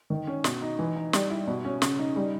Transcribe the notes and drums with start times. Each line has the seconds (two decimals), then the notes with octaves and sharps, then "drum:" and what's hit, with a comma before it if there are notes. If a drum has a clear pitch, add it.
0.10 D#3
0.27 C#4
0.44 B2, drum: snare
0.62 D#4
0.79 E3
0.96 D#4
1.13 G3, drum: snare
1.30 E4
1.47 B2
1.65 C#4
1.82 C#3, drum: snare
1.99 D#4
2.16 G3